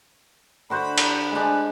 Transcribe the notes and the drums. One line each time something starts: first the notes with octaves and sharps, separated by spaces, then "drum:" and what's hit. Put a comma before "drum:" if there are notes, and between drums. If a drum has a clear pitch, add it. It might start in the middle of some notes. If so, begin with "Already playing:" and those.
D3 F#4 C5 B5
drum: cymbal
G#3 D4